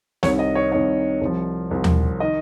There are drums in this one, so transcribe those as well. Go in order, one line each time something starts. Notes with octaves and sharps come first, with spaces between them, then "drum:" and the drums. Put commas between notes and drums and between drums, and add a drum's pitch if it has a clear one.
C2 C3 D#3 C#5, drum: snare
D#5
C#5
C2 C3 D#3 C#5
C2 C3 F3
C2 C3 F3
drum: tom D#2
D#3 D#5